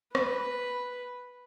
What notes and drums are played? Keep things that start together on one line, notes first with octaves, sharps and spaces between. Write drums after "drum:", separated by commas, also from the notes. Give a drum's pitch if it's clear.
B4, drum: rim click